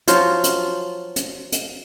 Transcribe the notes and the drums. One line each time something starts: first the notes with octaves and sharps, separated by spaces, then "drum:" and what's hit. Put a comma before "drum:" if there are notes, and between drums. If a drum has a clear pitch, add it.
F3 F#3 F4, drum: hi-hat
drum: hi-hat
drum: hi-hat
drum: hi-hat